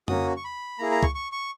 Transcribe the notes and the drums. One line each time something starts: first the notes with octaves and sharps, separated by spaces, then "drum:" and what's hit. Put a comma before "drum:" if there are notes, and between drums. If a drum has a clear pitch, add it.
A#3 C#4 F#4 D#6, drum: tom F2
C#6
B5
A#3 E4 G#4 A#5
A#5
C#6, drum: kick
C#6
C#6